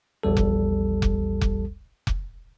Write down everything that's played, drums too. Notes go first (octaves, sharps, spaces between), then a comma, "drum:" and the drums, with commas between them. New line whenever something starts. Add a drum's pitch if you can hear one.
A#1 E2 G3 A4
drum: kick F1
drum: kick F1
drum: kick F1
drum: kick F1